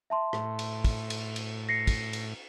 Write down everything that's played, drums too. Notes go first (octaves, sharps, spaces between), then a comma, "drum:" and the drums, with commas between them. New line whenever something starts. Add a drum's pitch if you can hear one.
E5 A5 C6
A2, drum: rim click
drum: cymbal
drum: kick, cymbal
drum: cymbal
drum: cymbal
A#6 C7 C#7
drum: kick, cymbal
drum: cymbal